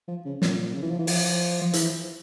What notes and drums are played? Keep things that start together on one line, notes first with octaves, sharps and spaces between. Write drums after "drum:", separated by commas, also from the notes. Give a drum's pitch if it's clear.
F3
C#3
A#2, drum: snare
C#3
E3
F3
E3
F3, drum: open hi-hat
F3
E3, drum: hi-hat